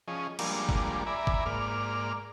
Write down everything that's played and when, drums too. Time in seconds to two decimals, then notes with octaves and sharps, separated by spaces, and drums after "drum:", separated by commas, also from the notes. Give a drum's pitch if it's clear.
0.08 F3 C#4 G#4 D#5
0.39 F3 G3 G#3 A#3 D4, drum: cymbal
0.69 drum: kick G1
1.06 D5 E5 G#5 A#5 B5
1.27 drum: kick G1
1.46 G#2 A#3 D5 F6